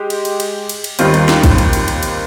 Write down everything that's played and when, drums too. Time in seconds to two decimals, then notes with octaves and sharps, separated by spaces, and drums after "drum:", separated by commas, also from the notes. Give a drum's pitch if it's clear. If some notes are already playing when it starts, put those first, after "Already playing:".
Already playing: G#3 G4
0.10 drum: cymbal
0.25 drum: cymbal
0.40 drum: cymbal
0.69 drum: cymbal
0.84 drum: cymbal
0.99 D#2 D#3 G3 C4 F4, drum: cymbal
1.14 drum: cymbal
1.29 drum: snare
1.43 drum: kick, cymbal
1.58 drum: cymbal
1.73 drum: cymbal
1.88 drum: cymbal
2.03 drum: cymbal